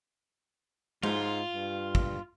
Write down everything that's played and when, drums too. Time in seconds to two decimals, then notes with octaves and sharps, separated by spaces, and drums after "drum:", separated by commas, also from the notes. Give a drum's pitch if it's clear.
1.03 G#2 F4, drum: tom G#3
1.53 G2
1.95 drum: kick